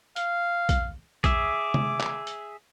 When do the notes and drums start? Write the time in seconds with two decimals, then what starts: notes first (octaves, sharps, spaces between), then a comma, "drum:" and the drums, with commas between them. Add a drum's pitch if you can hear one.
0.16 F5, drum: hi-hat
0.69 drum: kick A#1, hi-hat
1.24 G#4 E5 D6, drum: kick A#1, hi-hat
1.74 drum: tom
2.01 drum: clap
2.27 drum: hi-hat